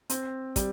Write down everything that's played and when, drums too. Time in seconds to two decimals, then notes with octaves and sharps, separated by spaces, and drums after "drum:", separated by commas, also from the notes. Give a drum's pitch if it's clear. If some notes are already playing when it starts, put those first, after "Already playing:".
0.10 C4, drum: hi-hat
0.56 G3, drum: kick, hi-hat